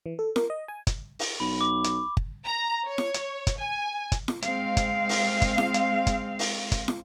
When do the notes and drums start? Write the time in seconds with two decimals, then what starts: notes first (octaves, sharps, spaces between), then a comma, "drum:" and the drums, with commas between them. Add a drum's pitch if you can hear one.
0.06 E3
0.19 A4
0.36 A#4, drum: snare
0.50 D#5
0.68 G#5
0.87 drum: kick G1, hi-hat
1.19 drum: open hi-hat
1.40 B1 B5
1.61 D6
1.84 drum: hi-hat
2.17 drum: kick G1
2.46 A#5
2.88 C#5
2.98 drum: snare
3.14 drum: hi-hat
3.47 drum: kick G1, hi-hat
3.58 G#5
4.12 drum: kick G1, hi-hat
4.28 drum: snare
4.42 G#3 C4 F5, drum: hi-hat
4.77 drum: kick G1, hi-hat
5.09 drum: open hi-hat
5.42 drum: kick G1, hi-hat
5.58 drum: snare
5.74 drum: hi-hat
6.07 drum: kick G1, hi-hat
6.39 drum: open hi-hat
6.72 drum: kick G1, hi-hat
6.88 drum: snare